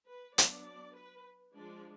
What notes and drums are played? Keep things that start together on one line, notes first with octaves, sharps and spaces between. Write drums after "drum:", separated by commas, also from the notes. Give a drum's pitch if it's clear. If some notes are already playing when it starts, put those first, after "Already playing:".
B4
F#3 B3 D4 D5, drum: hi-hat
D5
B4
F3 G#3 D4 D5